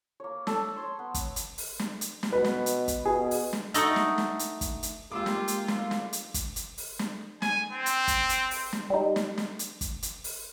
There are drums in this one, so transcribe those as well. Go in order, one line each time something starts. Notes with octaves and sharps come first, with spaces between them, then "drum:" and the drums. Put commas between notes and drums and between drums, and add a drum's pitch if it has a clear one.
A#3 C#5
A4 A5 C#6, drum: snare
C#5 C6
B3
drum: kick, hi-hat
drum: hi-hat
drum: open hi-hat
drum: snare
drum: hi-hat
drum: snare
B2 B4
drum: snare
drum: hi-hat
drum: kick, hi-hat
B2 G#4
drum: open hi-hat
drum: snare
A3 D4 D#4 F#4 A4, drum: hi-hat
drum: snare
drum: snare
drum: hi-hat
drum: kick, hi-hat
drum: hi-hat
G#3 A#3 F4 G4 D6 E6
drum: snare
drum: hi-hat
F5, drum: snare
drum: snare
drum: hi-hat
drum: kick, hi-hat
drum: hi-hat
drum: open hi-hat
drum: snare
G#5, drum: snare
C4
drum: hi-hat
drum: kick, hi-hat
drum: hi-hat
drum: open hi-hat
drum: snare
G3 D#4
drum: snare
drum: snare
drum: hi-hat
drum: kick, hi-hat
drum: hi-hat
drum: open hi-hat